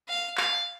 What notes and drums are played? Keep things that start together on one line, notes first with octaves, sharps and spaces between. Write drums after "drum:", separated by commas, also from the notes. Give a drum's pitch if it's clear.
F5
F5, drum: clap